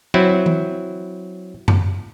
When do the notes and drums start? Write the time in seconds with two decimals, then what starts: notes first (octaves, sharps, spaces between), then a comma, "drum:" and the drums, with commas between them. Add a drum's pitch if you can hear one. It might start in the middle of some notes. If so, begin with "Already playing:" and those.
0.14 F#3 C4 E4
0.46 drum: tom E3
1.68 drum: tom F#2